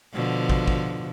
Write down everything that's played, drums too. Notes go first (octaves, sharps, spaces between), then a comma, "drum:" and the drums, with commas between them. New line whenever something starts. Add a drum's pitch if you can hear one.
B2 D3 F3
drum: kick
drum: kick